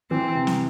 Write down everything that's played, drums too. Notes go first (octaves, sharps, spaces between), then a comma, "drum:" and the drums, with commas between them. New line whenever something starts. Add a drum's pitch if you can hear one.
E3 C4
C3
drum: snare